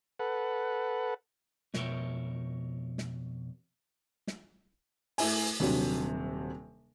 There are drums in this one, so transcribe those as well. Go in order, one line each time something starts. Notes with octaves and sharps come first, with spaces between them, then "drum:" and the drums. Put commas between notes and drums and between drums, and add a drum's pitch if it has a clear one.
A4 B4 F#5
F2 B2 A#4 C#5 E5 G5, drum: snare
drum: snare
drum: snare
A3 E4 G#5, drum: open hi-hat
D#1 C3 F#3 D4